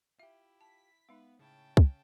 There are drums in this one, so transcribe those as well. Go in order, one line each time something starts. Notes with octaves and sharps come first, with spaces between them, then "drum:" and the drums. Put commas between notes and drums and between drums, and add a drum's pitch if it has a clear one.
E4 F4 G4 E5
A5 B6
G#3 B3 D#4 B4 F5
A2 C#3 C#4 E4 G5 A5
drum: kick